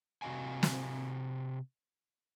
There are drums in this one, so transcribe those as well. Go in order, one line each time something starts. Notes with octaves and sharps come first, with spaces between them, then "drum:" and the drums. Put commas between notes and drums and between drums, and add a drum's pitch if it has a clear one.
C3 C4 F#4 D#5 F5 G#5
drum: snare